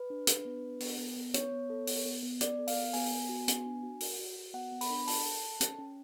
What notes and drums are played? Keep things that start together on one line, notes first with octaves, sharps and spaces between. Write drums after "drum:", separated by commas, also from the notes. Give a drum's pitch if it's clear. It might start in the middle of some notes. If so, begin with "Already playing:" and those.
Already playing: B4
D4
D4, drum: hi-hat
B3
D4
B3, drum: open hi-hat
B3
B3
B3 C#5, drum: hi-hat
B3
A4
B3, drum: open hi-hat
B3
B3
B3 D5, drum: hi-hat
A4
F5, drum: open hi-hat
B3
B3 G#5, drum: open hi-hat
B3
F#4
B3, drum: hi-hat
D4
F#4
F#4, drum: open hi-hat
F#4
F#4
B3 F#5
B3
B5, drum: open hi-hat
D4
A4 A5, drum: open hi-hat
A4
A4
C#4, drum: hi-hat
C#4